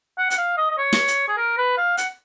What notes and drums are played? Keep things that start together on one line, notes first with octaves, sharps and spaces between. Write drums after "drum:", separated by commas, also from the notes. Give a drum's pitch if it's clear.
F#5
F#5, drum: hi-hat
F5
D#5
D#5
C#5
drum: snare
drum: hi-hat
G#4
A#4
B4
F5
F#5, drum: hi-hat